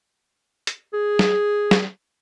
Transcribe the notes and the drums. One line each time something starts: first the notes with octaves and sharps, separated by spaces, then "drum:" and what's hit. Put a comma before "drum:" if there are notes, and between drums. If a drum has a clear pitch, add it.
drum: hi-hat
G#4
drum: snare
drum: snare